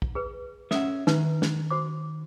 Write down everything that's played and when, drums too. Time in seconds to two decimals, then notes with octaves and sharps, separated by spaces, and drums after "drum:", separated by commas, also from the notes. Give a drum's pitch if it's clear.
0.02 drum: kick
0.15 G#4 B4
0.71 C#4 A4 E5 F#5, drum: snare
1.07 D#3 D#4 B4, drum: snare
1.42 drum: snare
1.71 F#4 C5 D6